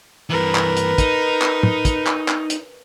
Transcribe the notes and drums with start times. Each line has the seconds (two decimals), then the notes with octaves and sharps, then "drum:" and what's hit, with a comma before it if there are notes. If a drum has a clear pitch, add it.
0.30 G2 E3 A#4 B4
0.55 drum: clap
0.77 drum: hi-hat
0.98 D#4, drum: kick, hi-hat
1.42 drum: clap
1.63 drum: tom
1.85 drum: kick, hi-hat
2.07 drum: clap
2.28 drum: clap
2.50 drum: hi-hat